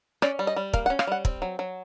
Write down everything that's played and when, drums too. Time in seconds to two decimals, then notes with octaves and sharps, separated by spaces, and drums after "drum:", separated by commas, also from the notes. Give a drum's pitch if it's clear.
0.22 C#4 D5, drum: rim click
0.39 G3
0.47 D#5
0.56 G3
0.73 A#3 F5, drum: kick
0.86 F#5
0.90 C#4
0.99 F5, drum: rim click
1.07 G3 F#5
1.25 C4, drum: kick
1.42 F#3
1.59 F#3